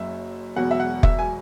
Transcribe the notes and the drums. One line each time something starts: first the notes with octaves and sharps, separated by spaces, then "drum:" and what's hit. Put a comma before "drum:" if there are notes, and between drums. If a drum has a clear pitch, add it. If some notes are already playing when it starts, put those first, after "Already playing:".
Already playing: F#1 F#2 F#3 E5
E1 E2 B2 F#3 F#5
E5
F#5
E5, drum: kick F1
G#5